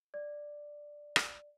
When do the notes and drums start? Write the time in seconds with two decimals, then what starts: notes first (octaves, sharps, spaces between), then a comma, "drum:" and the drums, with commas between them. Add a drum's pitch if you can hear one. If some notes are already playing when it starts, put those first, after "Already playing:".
0.14 D5
1.16 drum: rim click